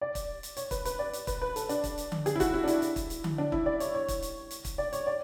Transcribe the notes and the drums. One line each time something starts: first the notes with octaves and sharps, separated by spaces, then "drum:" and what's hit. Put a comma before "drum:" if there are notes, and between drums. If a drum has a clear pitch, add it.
D5
drum: kick, hi-hat
drum: hi-hat
C#5, drum: hi-hat
B4, drum: kick, hi-hat
B4, drum: hi-hat
D5
drum: hi-hat
B4, drum: kick, hi-hat
B4
A4, drum: hi-hat
D4, drum: hi-hat
drum: kick, hi-hat
drum: hi-hat
drum: tom D3
G#4, drum: hi-hat
E4
F#4, drum: kick, hi-hat
E4
D4
E4, drum: hi-hat
drum: hi-hat
drum: kick, hi-hat
drum: hi-hat
drum: tom D3
D4
E4, drum: kick
D5
C#5, drum: hi-hat
C#5
drum: kick, hi-hat
drum: hi-hat
drum: hi-hat
drum: kick, hi-hat
D5
C#5, drum: hi-hat
D5